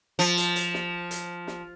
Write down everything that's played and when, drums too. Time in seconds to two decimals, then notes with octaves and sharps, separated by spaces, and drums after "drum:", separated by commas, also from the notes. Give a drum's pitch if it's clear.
0.19 F3, drum: hi-hat
0.37 drum: hi-hat
0.56 drum: hi-hat
0.74 drum: snare
1.11 drum: hi-hat
1.47 drum: snare